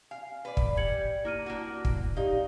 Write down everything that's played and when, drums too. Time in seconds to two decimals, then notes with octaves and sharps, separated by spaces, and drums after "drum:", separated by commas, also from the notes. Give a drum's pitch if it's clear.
0.11 F5 G#5
0.45 B4 D5
0.57 drum: kick
0.77 G3 G#6 C#7 F#7
1.25 A#3 E4 F6 D#7
1.46 A#3 D4 F#4
1.85 drum: kick
2.17 D#4 G4 D5 F5